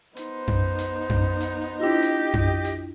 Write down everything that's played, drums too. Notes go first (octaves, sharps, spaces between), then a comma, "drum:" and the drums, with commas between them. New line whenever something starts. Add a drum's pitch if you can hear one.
B3 D#4 C5, drum: hi-hat
drum: tom F#2
drum: hi-hat
drum: tom F#2
drum: hi-hat
D4 E4 F4 G4 D#5
drum: hi-hat
drum: tom F#2
drum: hi-hat